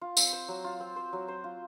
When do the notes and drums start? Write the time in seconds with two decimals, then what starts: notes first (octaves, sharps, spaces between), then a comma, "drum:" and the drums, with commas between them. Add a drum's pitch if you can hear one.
0.01 F4
0.17 C4, drum: tambourine
0.33 C5
0.48 F#3
0.64 F4
0.80 C4
0.96 C5
1.13 F#3
1.28 C5
1.44 F4